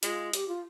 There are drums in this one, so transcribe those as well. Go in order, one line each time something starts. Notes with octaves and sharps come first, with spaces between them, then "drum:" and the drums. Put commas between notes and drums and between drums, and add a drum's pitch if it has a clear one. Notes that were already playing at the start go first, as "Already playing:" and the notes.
G#3 F4, drum: hi-hat
G4, drum: hi-hat
F4